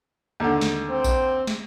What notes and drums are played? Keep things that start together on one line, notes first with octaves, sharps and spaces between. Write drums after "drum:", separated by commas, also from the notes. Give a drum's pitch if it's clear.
D#2 D3
drum: snare
C4
drum: kick A#1, tambourine
drum: snare